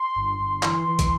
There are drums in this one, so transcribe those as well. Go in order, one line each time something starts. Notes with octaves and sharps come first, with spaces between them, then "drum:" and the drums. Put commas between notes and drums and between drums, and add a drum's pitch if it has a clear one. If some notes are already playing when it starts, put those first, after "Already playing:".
Already playing: C6
G1
G1
E3, drum: clap
E3
drum: kick, hi-hat